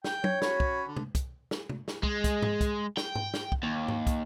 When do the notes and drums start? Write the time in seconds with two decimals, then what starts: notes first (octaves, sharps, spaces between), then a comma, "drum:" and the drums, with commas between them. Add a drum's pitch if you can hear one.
0.04 G5, drum: snare
0.24 C#5, drum: tom F#3
0.42 C#4 F#4 B5, drum: snare
0.60 drum: kick
0.87 D3
0.97 drum: tom C3
1.15 drum: kick, hi-hat
1.51 drum: snare
1.69 drum: tom C3
1.88 drum: snare
2.03 G#3, drum: kick
2.24 drum: kick, hi-hat
2.42 drum: tom G#2
2.61 drum: kick, hi-hat
2.97 G5, drum: snare
3.15 drum: tom G#2
3.34 drum: snare
3.52 drum: kick
3.63 D#2
3.88 drum: tom G#2
4.07 drum: kick, hi-hat